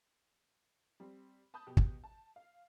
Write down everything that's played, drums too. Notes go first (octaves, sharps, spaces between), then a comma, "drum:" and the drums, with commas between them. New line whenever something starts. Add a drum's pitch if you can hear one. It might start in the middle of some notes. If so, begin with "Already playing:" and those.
G3 C4
A5 B5 D#6 G6
B2 G4
drum: kick
A5
F5